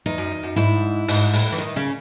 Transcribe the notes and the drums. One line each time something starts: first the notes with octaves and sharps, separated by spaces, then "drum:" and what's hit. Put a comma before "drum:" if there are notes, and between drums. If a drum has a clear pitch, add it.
E2 D#4
F#2
E2
F#2
G#2 E4
G#2, drum: open hi-hat
A2, drum: open hi-hat
E3
D#3 D#4
C#3 C#4